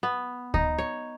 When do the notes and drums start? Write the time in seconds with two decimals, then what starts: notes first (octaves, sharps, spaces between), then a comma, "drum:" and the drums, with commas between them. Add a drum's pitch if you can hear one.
0.03 B3
0.54 D#4, drum: kick D2
0.78 C#5